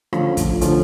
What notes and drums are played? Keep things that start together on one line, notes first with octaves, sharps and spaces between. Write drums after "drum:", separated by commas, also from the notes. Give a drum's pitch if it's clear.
D3 F3 A3 C#4 F4, drum: rim click
drum: kick, hi-hat
D3 F3 A3 C#4 F4, drum: hi-hat